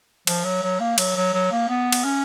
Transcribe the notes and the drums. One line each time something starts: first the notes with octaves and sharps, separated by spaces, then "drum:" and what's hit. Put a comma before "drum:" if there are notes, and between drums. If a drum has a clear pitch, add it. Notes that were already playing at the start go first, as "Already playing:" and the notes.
F3, drum: cymbal
F#3
F#3
A#3
F#3, drum: cymbal
F#3
F#3
A#3
B3
drum: cymbal
C#4